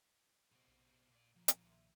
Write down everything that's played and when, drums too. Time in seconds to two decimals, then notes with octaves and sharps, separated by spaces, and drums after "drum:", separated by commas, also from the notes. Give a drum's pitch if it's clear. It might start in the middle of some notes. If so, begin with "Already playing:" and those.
0.52 B2 C4
0.68 A#1
1.11 A#2 D5
1.36 A#2 C#3 F3
1.48 drum: hi-hat
1.63 B1 D#3 E5